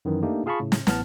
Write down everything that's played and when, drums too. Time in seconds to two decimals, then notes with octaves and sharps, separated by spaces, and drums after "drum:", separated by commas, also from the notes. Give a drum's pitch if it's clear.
0.05 F#2 D#3 E3
0.22 A3 A#3 D4 D#4 G4
0.46 F4 G#4 F5 A5 B5 C#6
0.60 A2 C#3
0.72 drum: snare
0.87 A1 A2 B3 A5 F6, drum: snare